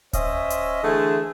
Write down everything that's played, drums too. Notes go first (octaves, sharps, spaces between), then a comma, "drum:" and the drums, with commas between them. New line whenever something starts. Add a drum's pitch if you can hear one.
C#4 C5 D#5 E5, drum: kick D1, hi-hat
drum: hi-hat
D3 E3 A3 G#4